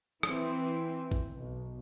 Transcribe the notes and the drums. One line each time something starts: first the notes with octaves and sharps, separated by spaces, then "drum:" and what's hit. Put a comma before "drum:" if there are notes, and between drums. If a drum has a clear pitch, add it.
E3 C4, drum: rim click
drum: kick
B1